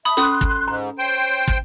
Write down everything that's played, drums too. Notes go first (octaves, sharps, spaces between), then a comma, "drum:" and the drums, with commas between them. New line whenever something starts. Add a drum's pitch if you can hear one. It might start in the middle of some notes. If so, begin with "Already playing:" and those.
E5 A5 B5 D#6
C#4 A4 B5 C6 D#6 F#6
drum: kick
G#2 A#5
C5 C#5 G5
drum: kick